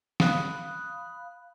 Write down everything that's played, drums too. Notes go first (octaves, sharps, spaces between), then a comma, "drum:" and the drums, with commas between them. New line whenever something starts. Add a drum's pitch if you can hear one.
F5 B5 D#6 F#6, drum: snare